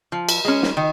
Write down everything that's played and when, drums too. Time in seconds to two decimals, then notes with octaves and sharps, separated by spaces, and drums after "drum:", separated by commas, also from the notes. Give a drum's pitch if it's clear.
0.12 F3
0.29 drum: cymbal
0.45 G#3 C#4
0.63 drum: snare
0.77 D#3